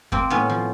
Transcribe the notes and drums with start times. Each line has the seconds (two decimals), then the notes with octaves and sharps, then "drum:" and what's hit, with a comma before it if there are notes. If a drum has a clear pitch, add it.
0.12 A#3 C4, drum: kick
0.30 A2 B3 C#4
0.49 F3